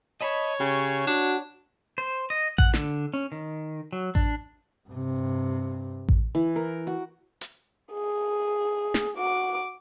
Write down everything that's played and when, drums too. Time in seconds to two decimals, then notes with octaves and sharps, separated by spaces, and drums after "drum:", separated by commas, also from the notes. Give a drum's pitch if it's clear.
0.21 C#5 D#5 A5 B5
0.60 C#3 G4
1.07 D4 F#4
1.98 C5
2.30 D#5
2.58 F#5, drum: kick A1
2.74 D3, drum: snare
3.14 C#4
3.32 D#3
3.93 F#3
4.15 D4, drum: kick A1
4.89 G2 C3
6.09 drum: kick A1
6.35 E3
6.56 A#4
6.87 F#4
7.41 drum: hi-hat
7.93 G#4
8.94 drum: snare
9.17 F#4 D6